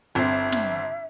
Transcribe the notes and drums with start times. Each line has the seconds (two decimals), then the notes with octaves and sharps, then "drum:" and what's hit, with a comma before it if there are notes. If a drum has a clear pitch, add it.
0.15 G1 C4 E5
0.52 drum: snare